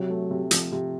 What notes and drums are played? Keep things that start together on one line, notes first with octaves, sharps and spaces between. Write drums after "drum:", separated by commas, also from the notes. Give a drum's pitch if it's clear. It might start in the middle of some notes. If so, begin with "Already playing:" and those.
Already playing: C3 F#3
A3
C3
F3, drum: hi-hat
C3